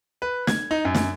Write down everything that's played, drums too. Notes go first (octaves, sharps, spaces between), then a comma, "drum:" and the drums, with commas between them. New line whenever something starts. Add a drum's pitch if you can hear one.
B4
G#6, drum: snare
D#4
F#2
drum: snare